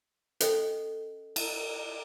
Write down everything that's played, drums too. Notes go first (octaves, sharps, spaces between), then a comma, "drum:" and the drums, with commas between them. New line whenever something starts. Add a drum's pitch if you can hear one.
C#4 A4 C5 D#5, drum: hi-hat
drum: cymbal